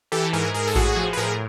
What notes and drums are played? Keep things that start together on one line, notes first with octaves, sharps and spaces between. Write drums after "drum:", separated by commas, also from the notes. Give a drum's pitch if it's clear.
E3 G4 A4
G#2 G#4 A#4
G#2 G#4 A#4
A4
A2 F#4 G#4, drum: kick A1
F3
B4
A2 G#4 A#4